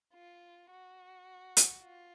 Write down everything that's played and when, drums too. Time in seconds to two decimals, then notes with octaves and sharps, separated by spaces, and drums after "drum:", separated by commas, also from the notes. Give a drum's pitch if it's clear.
0.14 F4
0.70 F#4
1.57 drum: hi-hat
1.82 F4